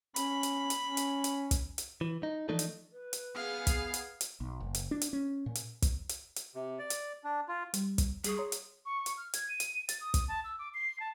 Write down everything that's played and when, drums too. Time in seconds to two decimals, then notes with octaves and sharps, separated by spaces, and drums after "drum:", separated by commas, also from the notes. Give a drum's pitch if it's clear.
0.16 C#4 B5, drum: hi-hat
0.43 drum: hi-hat
0.70 drum: hi-hat
0.84 C#4
0.97 drum: hi-hat
1.24 drum: hi-hat
1.51 drum: kick, hi-hat
1.78 drum: hi-hat
2.01 E3
2.23 D#4
2.49 E3 F3 A3 D4 D#4 A4
2.59 drum: hi-hat
2.92 B4
3.13 drum: hi-hat
3.35 B3 G#4 F5 F6
3.67 drum: kick, hi-hat
3.94 drum: hi-hat
4.21 drum: hi-hat
4.40 B1
4.60 F#1
4.75 drum: hi-hat
4.91 D4
5.01 drum: hi-hat
5.13 C#4
5.46 A#2
5.55 drum: hi-hat
5.82 drum: kick, hi-hat
6.09 drum: hi-hat
6.36 drum: hi-hat
6.55 C3
6.79 D5
6.90 drum: hi-hat
7.24 D4
7.48 F4
7.74 G3, drum: hi-hat
7.98 drum: kick, hi-hat
8.24 G3 G#4 C#6, drum: hi-hat
8.37 C#5 A#5 C6
8.52 drum: hi-hat
8.86 C#6
9.06 drum: hi-hat
9.17 F6
9.34 G#6, drum: hi-hat
9.49 D#7
9.60 drum: hi-hat
9.89 A6, drum: hi-hat
10.01 D#6
10.14 drum: kick, hi-hat
10.28 A5
10.44 E6
10.59 D6
10.74 C7
11.00 A5